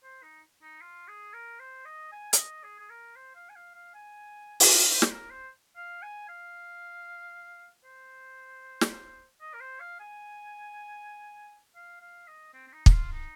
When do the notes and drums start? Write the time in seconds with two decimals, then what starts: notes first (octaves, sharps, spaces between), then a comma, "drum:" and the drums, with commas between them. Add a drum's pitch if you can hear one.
0.04 C5
0.23 D#4
0.62 D#4
0.81 F4
1.08 G#4
1.34 A#4
1.60 C5
1.85 D#5
2.12 G#5
2.33 F5, drum: hi-hat
2.38 D#5
2.64 G#4
2.80 G#4
2.90 A#4
3.16 C5
3.35 F5
3.49 G#5
3.56 F5
3.75 F5
3.94 G#5
4.60 drum: open hi-hat
4.72 F5
4.92 C5
5.02 drum: snare
5.12 A#4
5.30 C5
5.76 F5
6.03 G#5
6.28 F5
7.84 C5
8.81 drum: snare
9.41 D#5
9.53 A#4
9.60 C5
9.80 F5
10.00 G#5
11.75 F5
12.01 F5
12.28 D#5
12.54 C4
12.67 C4
12.73 D#4
12.86 D#4, drum: kick
12.92 F4
13.13 D#4